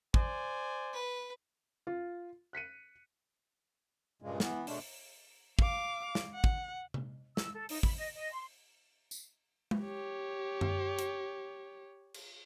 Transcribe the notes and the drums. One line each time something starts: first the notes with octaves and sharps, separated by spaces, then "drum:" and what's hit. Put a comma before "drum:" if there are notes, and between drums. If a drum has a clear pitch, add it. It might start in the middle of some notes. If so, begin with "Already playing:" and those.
C5 D5 G#5, drum: kick
B4
F4
F#6 B6 C#7 D#7
G2 A#2 C#3 G#3
E3 B3, drum: snare
B2 G#3 A3 C#4 D4, drum: open hi-hat
F5 D6, drum: kick
drum: snare
F#5
drum: kick
drum: tom C3
E6, drum: snare
A4
D#4, drum: open hi-hat
B5, drum: kick
D#5
D#5
C6
drum: tambourine
drum: tom G#3
G4 C#5
drum: tom F#2
drum: hi-hat
drum: cymbal